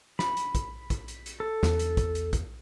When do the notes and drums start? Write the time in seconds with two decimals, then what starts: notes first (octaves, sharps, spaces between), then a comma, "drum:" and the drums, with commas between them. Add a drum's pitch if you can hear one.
0.19 B5, drum: snare
0.37 drum: hi-hat
0.55 drum: kick, hi-hat
0.90 drum: kick, hi-hat
1.08 drum: hi-hat
1.26 drum: hi-hat
1.40 A4
1.63 E2, drum: snare
1.79 drum: hi-hat
1.97 drum: kick, hi-hat
2.15 drum: hi-hat
2.33 drum: kick, hi-hat